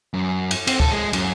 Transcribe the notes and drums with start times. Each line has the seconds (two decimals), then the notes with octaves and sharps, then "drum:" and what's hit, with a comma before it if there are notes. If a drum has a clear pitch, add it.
0.14 F#2
0.51 drum: cymbal
0.67 C4, drum: cymbal
0.80 A4, drum: kick D2
0.91 G#3
1.13 F#2, drum: cymbal